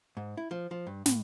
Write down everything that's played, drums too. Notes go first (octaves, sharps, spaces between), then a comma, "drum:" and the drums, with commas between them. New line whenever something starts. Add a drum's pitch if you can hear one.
G#2
E4
F3
F3
G2
A2, drum: snare